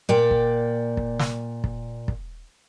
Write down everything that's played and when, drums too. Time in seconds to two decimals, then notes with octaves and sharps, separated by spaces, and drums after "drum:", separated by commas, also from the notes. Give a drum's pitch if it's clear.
0.09 A#2 D5 G5
0.31 drum: kick
0.97 drum: kick
1.19 drum: snare
1.64 drum: kick
2.08 drum: kick